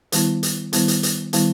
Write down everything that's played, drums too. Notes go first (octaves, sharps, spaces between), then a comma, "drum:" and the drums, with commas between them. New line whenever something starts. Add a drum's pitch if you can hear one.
D#3 G3 B3 E4, drum: hi-hat
drum: hi-hat
D#3 G3 B3 E4, drum: hi-hat
drum: hi-hat
drum: hi-hat
D#3 G3 B3 E4, drum: hi-hat